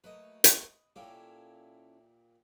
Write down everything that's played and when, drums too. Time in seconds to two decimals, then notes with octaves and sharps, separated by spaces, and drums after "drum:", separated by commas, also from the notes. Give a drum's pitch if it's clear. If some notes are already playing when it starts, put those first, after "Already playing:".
0.04 F#3 A3 A#3 B4 D#5
0.44 drum: hi-hat
0.96 A#2 A#3 C#4 E4 G4 A4